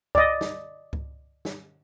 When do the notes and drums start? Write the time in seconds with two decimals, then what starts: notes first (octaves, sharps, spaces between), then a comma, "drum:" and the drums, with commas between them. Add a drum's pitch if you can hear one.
0.15 D5 D#5, drum: kick C#2
0.41 drum: snare
0.93 drum: kick C#2
1.45 drum: snare